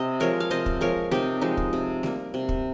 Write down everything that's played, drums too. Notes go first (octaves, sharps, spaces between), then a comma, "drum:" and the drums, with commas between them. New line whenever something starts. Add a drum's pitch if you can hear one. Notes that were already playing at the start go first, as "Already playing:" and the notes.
Already playing: C3 C5 D#5
F3 G#3 A#4 C#5
F5
C3 C5 D#5
drum: kick
F3 G#3 A#4 C#5
C3 D#4 G4, drum: snare A3
F3 G#3 D#4
drum: kick
C3
G3 A#3, drum: snare A3
C3
drum: kick